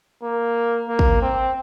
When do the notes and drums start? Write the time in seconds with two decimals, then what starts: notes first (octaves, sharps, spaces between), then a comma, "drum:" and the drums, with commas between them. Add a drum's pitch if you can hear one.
0.23 A#3
0.88 A#3
0.99 drum: kick
1.22 C4